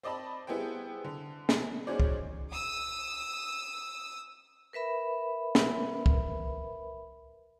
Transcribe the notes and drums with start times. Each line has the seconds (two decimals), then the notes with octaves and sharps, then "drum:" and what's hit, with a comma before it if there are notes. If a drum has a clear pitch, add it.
0.03 C4 D5 D#5 A5 B5
0.47 G3 B3 E4 G#4 C5 G5
1.04 D3
1.49 drum: snare
1.87 C#4 D#4 F#4 G#4 C5 D5
2.00 drum: kick
2.53 D#6 E6
4.73 A#4 B4 E5 B5
5.55 drum: snare
6.06 drum: kick